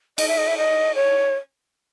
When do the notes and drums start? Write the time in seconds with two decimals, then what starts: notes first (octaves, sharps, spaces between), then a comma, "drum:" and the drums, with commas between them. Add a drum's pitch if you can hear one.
0.18 D#5, drum: cymbal
0.28 E5
0.38 D#5
0.47 E5
0.58 D#5
0.95 C#5